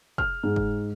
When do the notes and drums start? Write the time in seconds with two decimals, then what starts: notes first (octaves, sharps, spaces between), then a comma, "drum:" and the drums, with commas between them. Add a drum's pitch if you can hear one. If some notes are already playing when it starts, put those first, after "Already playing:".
0.18 F6, drum: kick
0.43 G#2
0.56 drum: kick